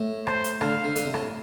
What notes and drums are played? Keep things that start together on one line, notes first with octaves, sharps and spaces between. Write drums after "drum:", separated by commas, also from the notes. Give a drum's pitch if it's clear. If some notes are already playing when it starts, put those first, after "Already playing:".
Already playing: A2
C5, drum: rim click
drum: hi-hat
D3 F5, drum: rim click
D3
D3, drum: hi-hat
C3
A2, drum: rim click